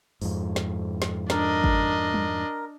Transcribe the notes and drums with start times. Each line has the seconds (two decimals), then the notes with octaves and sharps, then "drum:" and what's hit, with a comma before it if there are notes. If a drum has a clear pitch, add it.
0.22 F2 G#2, drum: open hi-hat
0.56 drum: snare
1.02 drum: snare
1.30 D4 A#4 D#5, drum: snare
1.64 drum: kick G1
2.14 drum: tom G3